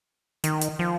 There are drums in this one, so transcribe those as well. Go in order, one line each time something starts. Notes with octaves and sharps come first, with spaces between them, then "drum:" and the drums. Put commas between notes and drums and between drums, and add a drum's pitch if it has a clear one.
D#3, drum: hi-hat
drum: hi-hat
F3